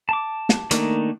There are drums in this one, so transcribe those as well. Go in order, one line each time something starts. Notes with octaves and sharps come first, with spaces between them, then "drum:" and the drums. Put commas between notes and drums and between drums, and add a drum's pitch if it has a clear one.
A5 D6
drum: snare
D#3 A3 A#3 D4 D#4, drum: hi-hat